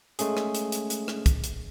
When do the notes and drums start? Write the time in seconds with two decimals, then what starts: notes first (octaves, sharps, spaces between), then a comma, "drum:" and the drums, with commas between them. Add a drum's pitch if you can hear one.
0.19 G#3 A3 C#4 G#4, drum: hi-hat
0.37 drum: rim click
0.54 drum: hi-hat
0.72 drum: hi-hat
0.90 drum: hi-hat
1.08 drum: rim click
1.26 drum: kick, hi-hat
1.44 drum: hi-hat